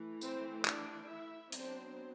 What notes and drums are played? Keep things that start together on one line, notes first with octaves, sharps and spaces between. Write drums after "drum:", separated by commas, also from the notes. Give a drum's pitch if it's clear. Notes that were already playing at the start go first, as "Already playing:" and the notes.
Already playing: E3 A3
C4 C5, drum: tambourine
D4 D5, drum: clap
E4 E5
F#3 B3 C4 D4 C5, drum: hi-hat